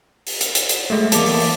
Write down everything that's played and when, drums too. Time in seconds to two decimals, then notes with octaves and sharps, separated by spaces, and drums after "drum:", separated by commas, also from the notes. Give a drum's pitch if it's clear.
0.27 drum: open hi-hat
0.41 drum: hi-hat
0.55 drum: hi-hat
0.69 drum: hi-hat
0.90 G#3 A3
1.12 E2 A3 A#3 A5 D6, drum: hi-hat
1.26 drum: open hi-hat
1.40 drum: open hi-hat